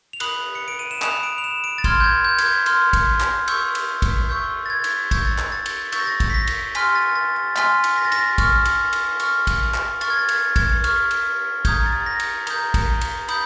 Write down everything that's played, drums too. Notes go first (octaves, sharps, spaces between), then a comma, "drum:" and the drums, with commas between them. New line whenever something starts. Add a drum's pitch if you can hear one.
F7
B5 D#6 F#6 F#7, drum: cymbal
C#7
D7
D#7
E7
B5 D#6 F#6 F7, drum: clap
D7
F7
E7
D7
A6
C6 F6 G#6, drum: kick, cymbal
G6
G#6
G6
G#6, drum: cymbal
G6
C6 F6, drum: cymbal
drum: kick, cymbal
drum: clap
C#6 E6 G6, drum: cymbal
drum: cymbal
drum: kick, cymbal
C#6 E6 G6
A6
G#6
drum: cymbal
C#6 E6 G6 A6, drum: kick, cymbal
drum: clap
A6
drum: cymbal
C#6 E6 G6 A6, drum: cymbal
A#6
A6
drum: kick, cymbal
B6
A#6
drum: cymbal
G#5 C6 F6 B6, drum: cymbal
A6
A6
A6
G#5 C6 F6 B6, drum: clap
drum: cymbal
A#6
A6
A#6, drum: cymbal
C#6 F6, drum: kick, cymbal
drum: cymbal
drum: cymbal
C#6 F6, drum: cymbal
drum: kick, cymbal
drum: clap
C#6 F6 A6, drum: cymbal
G#6
A6
G#6, drum: cymbal
G#6, drum: kick, cymbal
C#6 F6, drum: cymbal
drum: cymbal
A#5 D#6 G6 G#6, drum: kick, cymbal
A6
A#6
drum: cymbal
A#5 D#6 G6, drum: cymbal
drum: kick, cymbal
drum: cymbal
B5 D#6 G6, drum: cymbal